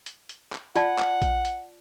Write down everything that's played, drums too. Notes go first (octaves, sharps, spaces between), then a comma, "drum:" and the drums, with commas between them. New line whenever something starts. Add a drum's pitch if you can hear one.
drum: hi-hat
drum: hi-hat
drum: clap
F4 D5 F#5 A5, drum: hi-hat
drum: clap
drum: kick A#1, hi-hat
drum: hi-hat